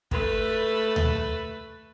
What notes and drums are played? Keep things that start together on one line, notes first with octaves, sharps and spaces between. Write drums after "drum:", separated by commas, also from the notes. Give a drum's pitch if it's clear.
A3 B4, drum: kick
drum: tom D2